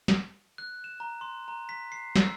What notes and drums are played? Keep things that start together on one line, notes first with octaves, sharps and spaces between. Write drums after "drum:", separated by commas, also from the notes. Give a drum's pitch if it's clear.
drum: snare
F#6
E7
A#5
C6
A#5
B6
C7
E6, drum: snare